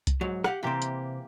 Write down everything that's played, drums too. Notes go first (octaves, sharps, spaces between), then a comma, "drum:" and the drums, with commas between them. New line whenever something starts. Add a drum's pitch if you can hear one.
drum: kick C2, hi-hat
G#2 F#3
G4 F5 F#5, drum: rim click
C3 E3 A#3 C4 G4
drum: hi-hat